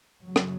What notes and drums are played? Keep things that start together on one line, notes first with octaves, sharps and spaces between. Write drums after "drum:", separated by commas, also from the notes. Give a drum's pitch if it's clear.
F#2 C#3 F#3
drum: rim click